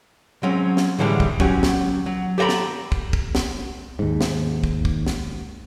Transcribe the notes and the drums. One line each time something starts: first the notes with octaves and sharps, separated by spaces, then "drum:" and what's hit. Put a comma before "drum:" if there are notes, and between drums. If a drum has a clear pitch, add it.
F#3 G#3 C4 C#4
drum: snare
A2 D3 E3 G3 G#3
drum: kick
F#3 C#4 F#4 G4, drum: kick
drum: snare
F#3
G4 A4 D#5 A#5 B5
drum: snare
drum: kick
drum: kick
drum: snare
D#2 G#2
drum: snare
drum: kick
drum: kick
drum: snare